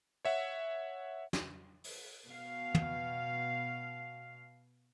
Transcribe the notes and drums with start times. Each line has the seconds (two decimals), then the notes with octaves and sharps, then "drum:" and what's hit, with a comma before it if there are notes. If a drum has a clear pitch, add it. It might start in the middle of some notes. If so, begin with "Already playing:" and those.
0.25 C#5 E5 F#5
1.33 drum: snare
1.84 drum: open hi-hat
2.26 B2 F5
2.74 drum: tom